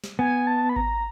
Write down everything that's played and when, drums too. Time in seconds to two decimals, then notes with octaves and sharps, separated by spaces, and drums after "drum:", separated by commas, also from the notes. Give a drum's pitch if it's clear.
0.04 drum: snare
0.19 B3 G#5
0.47 A5
0.69 B5
0.76 A#5, drum: kick G#1